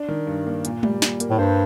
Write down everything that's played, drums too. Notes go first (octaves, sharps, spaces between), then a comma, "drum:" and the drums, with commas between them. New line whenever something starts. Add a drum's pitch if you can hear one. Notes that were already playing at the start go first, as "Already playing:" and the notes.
Already playing: D4
D#3
G2
A#3
A#2, drum: hi-hat
G3, drum: tom G#3
A#2, drum: snare
A#3, drum: hi-hat
A2
G2 C5